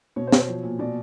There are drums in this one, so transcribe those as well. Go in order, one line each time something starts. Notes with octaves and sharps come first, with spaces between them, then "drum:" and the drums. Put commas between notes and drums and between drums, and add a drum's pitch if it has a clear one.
B2 C#5
C5
B2, drum: snare
C#5
F3
A#2
B2 D5